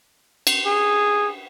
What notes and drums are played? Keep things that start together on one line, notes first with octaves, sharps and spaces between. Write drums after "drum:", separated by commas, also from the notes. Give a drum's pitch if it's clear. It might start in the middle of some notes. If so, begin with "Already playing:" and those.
drum: cymbal
G#4